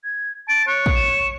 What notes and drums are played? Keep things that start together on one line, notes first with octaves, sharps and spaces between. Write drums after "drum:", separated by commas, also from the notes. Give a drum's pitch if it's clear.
G#6
A5 D7
C#5 F#6
drum: kick
E7